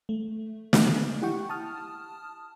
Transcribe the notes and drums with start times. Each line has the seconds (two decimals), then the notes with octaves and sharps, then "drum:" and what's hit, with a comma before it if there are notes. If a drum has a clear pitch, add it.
0.09 A3
0.73 drum: snare
1.22 E4 G4 F#5 G5 C#6
1.49 A5 D#6 F6